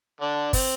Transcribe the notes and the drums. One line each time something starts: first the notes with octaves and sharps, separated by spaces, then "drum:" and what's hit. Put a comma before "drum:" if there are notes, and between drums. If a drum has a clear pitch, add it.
D3 D4
C4, drum: kick, open hi-hat